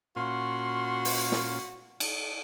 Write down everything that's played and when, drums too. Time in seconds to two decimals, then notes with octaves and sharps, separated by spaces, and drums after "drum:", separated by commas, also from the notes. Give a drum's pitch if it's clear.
0.16 A#2 C#4 F4 F#4 C6
1.05 drum: open hi-hat
1.32 drum: snare
2.00 drum: cymbal